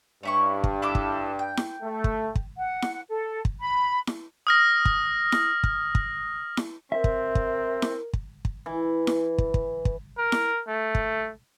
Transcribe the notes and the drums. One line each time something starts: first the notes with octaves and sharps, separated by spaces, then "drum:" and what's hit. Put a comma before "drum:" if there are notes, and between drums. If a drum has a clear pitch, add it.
G2 C#4 E4 C#6
drum: kick
E4 A4 D6
drum: kick
G5
drum: snare E4
A3
drum: kick
drum: kick
F#5
drum: snare E4
A4
drum: kick
B5
drum: snare E4
D#6 F6 A#6
drum: kick
drum: snare E4
drum: kick
drum: kick
drum: snare E4
C4 A#4 E5
drum: kick
drum: kick
drum: snare E4
drum: kick
drum: kick
E3
drum: snare E4
drum: kick
drum: kick
drum: kick
A#4
drum: snare E4
A3
drum: kick